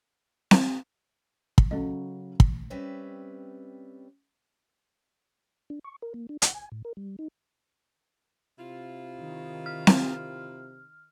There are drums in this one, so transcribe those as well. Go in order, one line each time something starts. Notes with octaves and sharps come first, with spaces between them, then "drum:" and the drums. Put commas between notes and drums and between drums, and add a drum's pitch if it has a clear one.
drum: snare C4
drum: kick
C#3 F#3 C#4 A4 D#5
drum: kick
G3 C4 C#4 B4 E5
D4
C#6
A#4
A#3
D4
F#5, drum: hi-hat
G#5
A2
A#4
G3
D#4
C3 E4 F4
D#3
F6
drum: snare C4